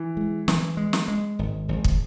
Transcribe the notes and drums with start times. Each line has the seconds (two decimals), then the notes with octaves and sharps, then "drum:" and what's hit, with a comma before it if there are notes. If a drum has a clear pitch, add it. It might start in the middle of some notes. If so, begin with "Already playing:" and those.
Already playing: E3
0.17 G#3
0.48 E3, drum: snare
0.77 G#3
0.93 drum: snare
1.08 G#3
1.39 G#1
1.69 G#1
1.84 drum: kick